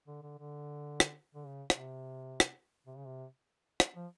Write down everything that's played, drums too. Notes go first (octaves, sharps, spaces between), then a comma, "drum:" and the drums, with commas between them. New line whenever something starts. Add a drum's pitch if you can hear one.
D3
D3
D3
drum: rim click
D3
C#3
C3, drum: rim click
drum: rim click
C3
C#3
C3
drum: rim click
F3